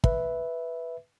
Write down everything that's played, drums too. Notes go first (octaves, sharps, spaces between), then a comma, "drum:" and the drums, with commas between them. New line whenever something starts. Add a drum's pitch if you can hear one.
B4 E5, drum: kick